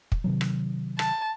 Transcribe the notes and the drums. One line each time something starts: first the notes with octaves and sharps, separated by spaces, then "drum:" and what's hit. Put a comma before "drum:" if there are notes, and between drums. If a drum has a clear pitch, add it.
drum: kick
C3 D#3 F#3
drum: rim click
A5, drum: rim click